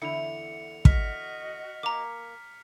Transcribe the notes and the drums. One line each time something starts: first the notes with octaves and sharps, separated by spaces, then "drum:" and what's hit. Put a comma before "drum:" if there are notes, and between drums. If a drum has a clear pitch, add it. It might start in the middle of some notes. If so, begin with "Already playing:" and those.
E2 D3 E4 C#7 F7
F#4 D#5 F6 B6, drum: kick
A#3 A#5 D6